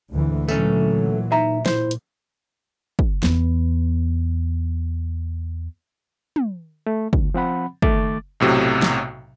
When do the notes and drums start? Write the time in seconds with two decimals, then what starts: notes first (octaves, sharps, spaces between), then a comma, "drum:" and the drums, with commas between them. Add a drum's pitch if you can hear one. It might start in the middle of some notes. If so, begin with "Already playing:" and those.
0.12 D2 G#2 D3 E3
0.48 A#2 E3 F#3 A3 C#4, drum: tambourine
1.32 D#4 E5 A#5
1.66 A#2 E4 C5, drum: snare
1.91 drum: hi-hat
2.99 drum: kick
3.23 E2 B3, drum: snare
6.36 drum: tom
6.87 A3
7.13 D2, drum: kick
7.34 F3 C4 F#5 B5
7.82 D#3 A3 D6 A6, drum: kick
8.40 B1 A2 C3 F#3
8.82 drum: snare